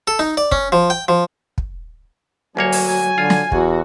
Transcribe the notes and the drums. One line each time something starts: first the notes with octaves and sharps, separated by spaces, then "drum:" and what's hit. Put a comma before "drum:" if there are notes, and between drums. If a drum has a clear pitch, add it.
A4
D#4
D5
C#4, drum: kick
F3
G5
F3
drum: kick
D2 F#3 A#3 C#5 G#5
drum: open hi-hat
D3 F4
drum: snare
E2 F#4, drum: kick